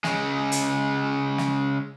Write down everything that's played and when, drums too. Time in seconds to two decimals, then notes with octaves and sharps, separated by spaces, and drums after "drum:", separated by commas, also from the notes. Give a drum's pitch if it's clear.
0.04 C#3 G#3, drum: snare
0.52 drum: hi-hat
1.38 drum: snare